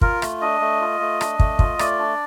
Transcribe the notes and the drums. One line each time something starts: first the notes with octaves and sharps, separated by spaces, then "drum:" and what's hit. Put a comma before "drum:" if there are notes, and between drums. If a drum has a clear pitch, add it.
F4 A#4, drum: kick
A3, drum: rim click
D4 D#5
A3
F4
A3
D4, drum: rim click
A3, drum: kick
F4, drum: kick
A3 D5, drum: rim click
D4